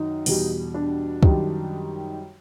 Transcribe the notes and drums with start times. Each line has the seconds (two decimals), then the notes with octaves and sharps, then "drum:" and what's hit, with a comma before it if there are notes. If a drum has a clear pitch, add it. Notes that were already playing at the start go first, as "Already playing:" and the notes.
Already playing: F#2 D#3 D#4
0.26 E2 B2 G3, drum: open hi-hat
0.74 D4
1.23 F#2 D#3 G3, drum: kick